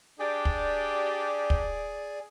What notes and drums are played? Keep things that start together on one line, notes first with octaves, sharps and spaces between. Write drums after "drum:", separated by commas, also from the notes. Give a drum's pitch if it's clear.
D4 G4 G#4 D5
drum: kick
drum: kick